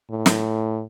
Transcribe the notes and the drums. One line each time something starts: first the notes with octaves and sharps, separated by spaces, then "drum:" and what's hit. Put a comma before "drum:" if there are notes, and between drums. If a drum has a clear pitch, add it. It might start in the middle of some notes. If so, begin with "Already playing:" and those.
A2
drum: snare